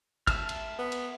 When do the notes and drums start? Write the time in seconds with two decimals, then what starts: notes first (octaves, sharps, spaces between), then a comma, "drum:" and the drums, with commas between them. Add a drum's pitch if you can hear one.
0.27 E5 A5 F6, drum: kick, cymbal
0.49 drum: cymbal
0.79 B3
0.92 drum: cymbal